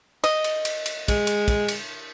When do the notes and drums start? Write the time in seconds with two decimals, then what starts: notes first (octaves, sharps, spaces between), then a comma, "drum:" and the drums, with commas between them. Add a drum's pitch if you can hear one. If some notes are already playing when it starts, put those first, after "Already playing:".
0.24 D#5, drum: cymbal
0.44 drum: cymbal
0.65 drum: cymbal
0.86 drum: cymbal
1.08 G#3, drum: kick, cymbal
1.27 drum: cymbal
1.48 drum: kick, cymbal
1.68 drum: cymbal